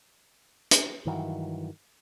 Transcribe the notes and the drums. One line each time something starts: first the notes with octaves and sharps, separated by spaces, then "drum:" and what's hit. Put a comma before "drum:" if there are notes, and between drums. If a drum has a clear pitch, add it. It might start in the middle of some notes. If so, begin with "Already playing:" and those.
drum: hi-hat
G2 D#3 E3 F#3